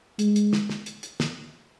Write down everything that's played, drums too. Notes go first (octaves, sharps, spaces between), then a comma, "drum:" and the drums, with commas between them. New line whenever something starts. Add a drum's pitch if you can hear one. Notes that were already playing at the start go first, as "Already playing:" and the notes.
G#3, drum: hi-hat
drum: hi-hat
drum: snare
drum: snare
drum: hi-hat
drum: hi-hat
drum: snare